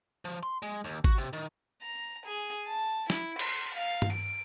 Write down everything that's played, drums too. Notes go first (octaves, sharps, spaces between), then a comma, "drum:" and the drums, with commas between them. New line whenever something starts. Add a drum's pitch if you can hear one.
F3
C6
G#3
D#2
F#4, drum: kick G#1
C3
D#3
A#5
G#4
A5
E4, drum: snare
C6, drum: cymbal
F5
drum: tom G2
D7